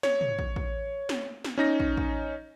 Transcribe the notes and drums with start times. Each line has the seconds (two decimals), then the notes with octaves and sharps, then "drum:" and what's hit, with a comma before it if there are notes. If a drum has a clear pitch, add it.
0.03 C#5, drum: snare
0.21 drum: tom
0.39 drum: kick
0.56 drum: kick
1.09 drum: snare
1.44 drum: snare
1.58 C#4 D#4 A#6
1.80 drum: kick
1.97 drum: kick